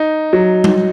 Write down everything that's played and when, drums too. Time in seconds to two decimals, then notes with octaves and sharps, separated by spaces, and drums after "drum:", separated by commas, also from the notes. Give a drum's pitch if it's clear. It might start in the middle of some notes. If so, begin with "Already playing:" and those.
Already playing: D#4
0.33 F#3
0.64 drum: tom G3